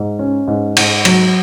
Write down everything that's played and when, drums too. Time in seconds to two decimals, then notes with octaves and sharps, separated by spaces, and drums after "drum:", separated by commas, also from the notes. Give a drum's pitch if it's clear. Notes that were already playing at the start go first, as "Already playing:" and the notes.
Already playing: G#2
0.19 C#4
0.48 G#2
0.77 G#2, drum: cymbal
1.05 F#3, drum: cymbal